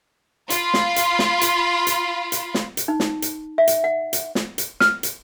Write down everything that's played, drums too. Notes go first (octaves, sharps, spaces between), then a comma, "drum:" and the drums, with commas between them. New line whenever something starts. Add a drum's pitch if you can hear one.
F4 B5, drum: hi-hat
drum: snare
drum: hi-hat
drum: snare
drum: hi-hat
drum: hi-hat
drum: hi-hat
drum: snare
drum: hi-hat
D#4
drum: snare
drum: hi-hat
E5
drum: hi-hat
F#5
drum: hi-hat
drum: snare
drum: hi-hat
F6, drum: snare
drum: hi-hat